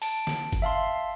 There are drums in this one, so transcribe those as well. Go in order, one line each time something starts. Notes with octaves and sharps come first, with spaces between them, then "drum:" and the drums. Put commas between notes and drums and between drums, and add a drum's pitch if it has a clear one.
A5 D7, drum: open hi-hat
drum: snare
drum: kick, hi-hat
E5 F5 A5 C6